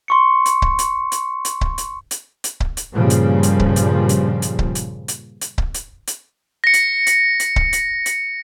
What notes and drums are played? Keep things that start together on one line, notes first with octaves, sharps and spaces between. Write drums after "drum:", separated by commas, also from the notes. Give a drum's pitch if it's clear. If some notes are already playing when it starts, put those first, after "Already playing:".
C6 C#6 C#7
drum: hi-hat
drum: kick C#1
drum: hi-hat
drum: hi-hat
drum: hi-hat
drum: kick C#1
drum: hi-hat
drum: hi-hat
drum: hi-hat
drum: kick C#1
drum: hi-hat
G2 A#2 C#3 F3 G3
drum: hi-hat
drum: hi-hat
drum: kick C#1
drum: hi-hat
drum: hi-hat
drum: hi-hat
drum: kick C#1
drum: hi-hat
drum: hi-hat
drum: hi-hat
drum: kick C#1
drum: hi-hat
drum: hi-hat
A#6 C#7
drum: hi-hat
drum: hi-hat
drum: hi-hat
drum: kick C#1
drum: hi-hat
drum: hi-hat